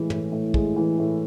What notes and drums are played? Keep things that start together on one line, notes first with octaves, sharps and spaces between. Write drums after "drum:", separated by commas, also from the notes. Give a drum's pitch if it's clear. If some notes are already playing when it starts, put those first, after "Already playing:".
Already playing: A2 E3 G#3
A2, drum: tom
A2
G#3, drum: kick
E3
A2